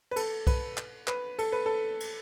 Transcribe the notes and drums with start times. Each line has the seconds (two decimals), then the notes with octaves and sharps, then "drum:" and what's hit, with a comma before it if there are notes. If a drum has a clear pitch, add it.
0.11 B4
0.16 A4, drum: cymbal
0.47 B4, drum: kick, cymbal
0.77 drum: clap
1.08 B4, drum: clap
1.39 A4, drum: cymbal
1.52 B4
1.66 A4
2.00 drum: cymbal